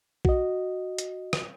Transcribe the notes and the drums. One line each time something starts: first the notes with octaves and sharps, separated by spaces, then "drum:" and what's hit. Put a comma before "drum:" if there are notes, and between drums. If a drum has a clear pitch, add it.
F#4 D#5, drum: kick
drum: hi-hat
drum: rim click